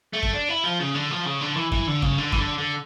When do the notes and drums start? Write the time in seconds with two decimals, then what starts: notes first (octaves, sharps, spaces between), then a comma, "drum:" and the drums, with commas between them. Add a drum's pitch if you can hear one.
0.14 A3
0.23 drum: kick F#2
0.33 D4
0.49 E4
0.64 F3
0.80 C#3
0.95 D3
1.11 F3
1.26 C#3
1.41 D3
1.57 E3
1.72 E3, drum: kick F#2
1.88 D3
2.02 C#3, drum: kick F#2
2.18 D3
2.32 E3, drum: kick F#2
2.38 D3
2.58 D3